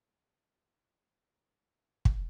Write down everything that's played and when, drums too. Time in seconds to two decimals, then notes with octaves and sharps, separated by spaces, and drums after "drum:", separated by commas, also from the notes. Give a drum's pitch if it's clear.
0.13 E5 G5 D6 F6 G6
0.75 D7
2.05 drum: kick